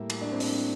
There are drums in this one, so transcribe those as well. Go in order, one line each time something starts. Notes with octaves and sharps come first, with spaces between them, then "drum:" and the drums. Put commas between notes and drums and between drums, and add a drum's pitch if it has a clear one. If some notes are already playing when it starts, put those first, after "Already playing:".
Already playing: A2 G3 A#3 E4
drum: cymbal
D4
C4
D4, drum: open hi-hat